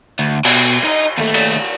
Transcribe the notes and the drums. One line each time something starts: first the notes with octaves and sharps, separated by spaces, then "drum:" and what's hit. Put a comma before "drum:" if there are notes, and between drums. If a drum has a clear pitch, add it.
D2
B2, drum: cymbal
D#4 D#5
D#2 A3
drum: cymbal